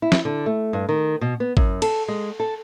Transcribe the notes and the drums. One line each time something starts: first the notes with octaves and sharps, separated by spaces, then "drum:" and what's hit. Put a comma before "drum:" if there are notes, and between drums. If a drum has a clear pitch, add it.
E4
drum: snare
D3
A3
G2
D#3
B2
B3
F#2, drum: kick
A4, drum: cymbal
G#3
A4